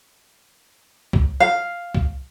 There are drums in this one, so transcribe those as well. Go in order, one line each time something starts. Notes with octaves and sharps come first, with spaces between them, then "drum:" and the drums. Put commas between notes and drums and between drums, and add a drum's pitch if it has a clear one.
drum: kick C2
F5
drum: kick C2